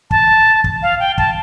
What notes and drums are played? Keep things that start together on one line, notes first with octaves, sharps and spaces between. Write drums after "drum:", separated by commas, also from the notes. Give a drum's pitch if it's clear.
A5, drum: kick
drum: kick
F5
G5
A5, drum: kick